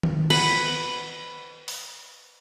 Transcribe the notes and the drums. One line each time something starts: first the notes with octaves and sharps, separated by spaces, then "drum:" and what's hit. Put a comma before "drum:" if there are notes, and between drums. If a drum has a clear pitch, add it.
drum: tom D#3
B4 F#5, drum: cymbal
drum: open hi-hat